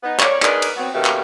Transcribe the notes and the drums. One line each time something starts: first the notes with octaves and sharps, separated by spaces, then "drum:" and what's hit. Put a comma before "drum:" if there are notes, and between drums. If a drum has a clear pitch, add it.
B3 D#4
C#5 D5, drum: clap
D4 D#4 G#4 A#4 B4 D5, drum: clap
drum: cymbal
F#3 B3 C4
B2 D#3 A3 A#3 C#4 G4
drum: clap